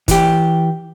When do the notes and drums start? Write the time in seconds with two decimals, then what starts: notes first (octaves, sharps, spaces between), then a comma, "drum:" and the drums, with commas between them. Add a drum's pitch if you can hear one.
0.08 E3 G4, drum: kick, hi-hat